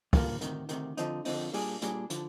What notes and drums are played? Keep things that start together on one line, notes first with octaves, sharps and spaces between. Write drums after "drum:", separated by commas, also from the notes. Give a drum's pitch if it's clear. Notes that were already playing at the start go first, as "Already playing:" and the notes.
D#2 D3 G3 A#3 F4, drum: kick, open hi-hat
D2 C3 D#3, drum: hi-hat
D2 C3 D#3, drum: hi-hat
F2 D3 F3 C4 D#4, drum: hi-hat
F2 D3 F3 C4 D#4, drum: open hi-hat
A#2 G3 D4 G#4, drum: open hi-hat
A#2 G3 D4 G#4, drum: hi-hat
D3 F3, drum: hi-hat